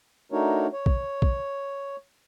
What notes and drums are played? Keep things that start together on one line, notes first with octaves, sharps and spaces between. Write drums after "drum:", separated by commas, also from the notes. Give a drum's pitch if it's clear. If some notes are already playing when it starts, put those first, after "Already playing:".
A3 D4 D#4 F#4 A#4 C#5
C#5
drum: kick B1
drum: kick B1